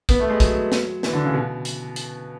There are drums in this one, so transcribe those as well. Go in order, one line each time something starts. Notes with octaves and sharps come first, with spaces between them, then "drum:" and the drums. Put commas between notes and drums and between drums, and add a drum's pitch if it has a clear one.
B3, drum: kick, hi-hat
A3
G#3
F#3, drum: kick, hi-hat
drum: snare
E3, drum: snare
D3
C#3
B2
drum: hi-hat
drum: hi-hat